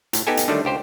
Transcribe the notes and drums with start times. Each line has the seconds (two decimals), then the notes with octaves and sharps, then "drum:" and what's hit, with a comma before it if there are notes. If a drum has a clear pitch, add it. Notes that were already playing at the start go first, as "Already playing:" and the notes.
0.13 A2, drum: hi-hat
0.27 B3 D#4 G4 A4 G#5
0.37 drum: hi-hat
0.48 D3 D#3 F#3 G3 A3
0.65 C#2 G4 C5